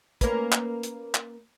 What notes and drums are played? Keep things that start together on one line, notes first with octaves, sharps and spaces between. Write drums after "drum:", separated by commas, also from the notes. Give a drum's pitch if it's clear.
A#3 C#4 B4, drum: kick, hi-hat
drum: clap
drum: hi-hat
drum: clap